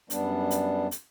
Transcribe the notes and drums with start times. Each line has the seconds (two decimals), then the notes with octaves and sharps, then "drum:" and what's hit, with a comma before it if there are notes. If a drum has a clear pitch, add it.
0.10 F#2 G3 B3 D4, drum: hi-hat
0.51 drum: hi-hat
0.91 drum: hi-hat